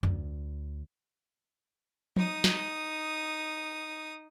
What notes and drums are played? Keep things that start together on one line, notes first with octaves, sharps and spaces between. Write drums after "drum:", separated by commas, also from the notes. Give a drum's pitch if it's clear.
D2, drum: tom F2
D#4 D#6, drum: tom
drum: snare